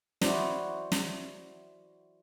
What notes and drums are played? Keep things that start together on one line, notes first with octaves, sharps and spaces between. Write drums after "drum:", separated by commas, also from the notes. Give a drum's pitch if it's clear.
E4 F#4 C5 D5, drum: snare
drum: snare